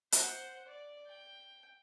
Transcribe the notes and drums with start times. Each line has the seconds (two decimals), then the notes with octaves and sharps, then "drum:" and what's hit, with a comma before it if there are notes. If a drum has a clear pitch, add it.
0.12 C5 F#5, drum: hi-hat
0.67 D5
1.08 G5